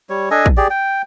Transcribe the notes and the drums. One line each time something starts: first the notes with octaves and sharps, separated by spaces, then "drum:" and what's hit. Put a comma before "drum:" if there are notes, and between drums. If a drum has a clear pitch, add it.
G3 C#5
D4 A4 D#5 G#5
drum: kick
G4 G#4 D5
G5